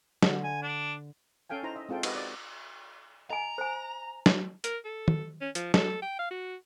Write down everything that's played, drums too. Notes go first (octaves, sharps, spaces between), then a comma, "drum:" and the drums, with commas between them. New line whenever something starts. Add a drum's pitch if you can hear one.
D3, drum: snare
G#5
D4
C#4 A4 F5 G5 G#5
D#4 E4 C5 A#5
D#5 E5
G#3 C4 F4 A4 G5
D#4 F#4 G4 B4 D#5, drum: cymbal
D5
D#5 G#5 A#5
C5 G#5
drum: snare
A#4, drum: hi-hat
A4
drum: tom
C#4
F3, drum: hi-hat
A4, drum: snare
G5
F5
F#4